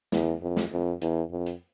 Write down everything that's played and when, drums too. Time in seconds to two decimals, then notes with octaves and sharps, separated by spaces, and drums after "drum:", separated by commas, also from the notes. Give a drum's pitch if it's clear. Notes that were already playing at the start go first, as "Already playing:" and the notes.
0.12 E2, drum: snare
0.42 F2
0.57 drum: snare
0.72 F2
1.01 E2, drum: hi-hat
1.31 F2
1.46 drum: hi-hat